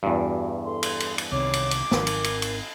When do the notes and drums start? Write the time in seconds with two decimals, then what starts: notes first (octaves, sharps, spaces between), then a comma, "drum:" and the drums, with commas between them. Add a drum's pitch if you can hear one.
0.03 E2 G2 F#4
0.65 A4 C6
0.83 drum: cymbal
1.00 drum: cymbal
1.18 drum: cymbal
1.32 C2 C3 D#3 C#5 D6
1.53 drum: cymbal
1.71 drum: cymbal
1.91 G#1 D#3 A#4, drum: snare
2.07 drum: cymbal
2.24 drum: cymbal
2.42 drum: cymbal